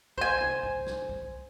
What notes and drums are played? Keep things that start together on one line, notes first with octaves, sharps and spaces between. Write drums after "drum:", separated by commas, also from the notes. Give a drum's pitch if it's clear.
C5 G#5, drum: kick
drum: tom
drum: kick
drum: snare
drum: kick